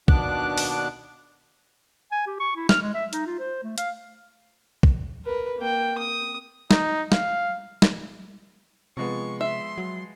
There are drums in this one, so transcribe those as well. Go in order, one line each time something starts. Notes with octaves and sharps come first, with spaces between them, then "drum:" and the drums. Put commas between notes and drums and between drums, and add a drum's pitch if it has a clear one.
D#2 B2 B3 D4 D6 F#6, drum: kick
drum: open hi-hat
G#5
G4
C#6
E4
F6, drum: snare
G#3
E5
D#4, drum: hi-hat
F4
C5
A3
F5, drum: hi-hat
drum: kick
A#4 B4
A#3 G5
D#6
D#4, drum: snare
F5, drum: snare
drum: snare
C3 F3 G#3 B3 C#6
E5 C6
F#3